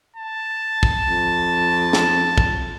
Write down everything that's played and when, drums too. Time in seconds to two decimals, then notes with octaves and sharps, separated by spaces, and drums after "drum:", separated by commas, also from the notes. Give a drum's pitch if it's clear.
0.17 A5
0.83 drum: kick
1.00 F2
1.93 drum: snare
2.38 drum: kick